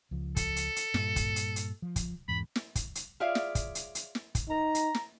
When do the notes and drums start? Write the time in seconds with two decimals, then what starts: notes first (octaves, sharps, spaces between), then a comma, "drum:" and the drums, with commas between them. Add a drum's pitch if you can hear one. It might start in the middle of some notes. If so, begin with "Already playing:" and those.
0.11 C#2 F3
0.36 A4, drum: kick, hi-hat
0.56 drum: hi-hat
0.76 drum: hi-hat
0.94 G2 A#2, drum: snare
1.16 drum: kick, hi-hat
1.36 drum: hi-hat
1.56 drum: hi-hat
1.82 F3
1.96 drum: kick, hi-hat
2.28 E2 G#2 B5
2.56 drum: snare
2.75 drum: kick, hi-hat
2.95 drum: hi-hat
3.20 F4 G#4 C#5 D5 E5 F5
3.35 drum: snare
3.55 drum: kick, hi-hat
3.75 drum: hi-hat
3.95 drum: hi-hat
4.15 drum: snare
4.35 drum: kick, hi-hat
4.49 D#4 A#5
4.75 drum: hi-hat
4.95 drum: snare